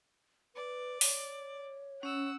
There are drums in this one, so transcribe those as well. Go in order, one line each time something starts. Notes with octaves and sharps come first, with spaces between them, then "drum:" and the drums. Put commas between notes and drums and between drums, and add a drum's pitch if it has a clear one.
B4 D5
C#5, drum: open hi-hat
C#4 F#5 E6